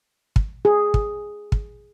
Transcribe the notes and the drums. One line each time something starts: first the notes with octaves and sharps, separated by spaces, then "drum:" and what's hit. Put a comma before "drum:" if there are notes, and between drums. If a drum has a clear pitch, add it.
drum: kick
G#4
drum: kick
drum: kick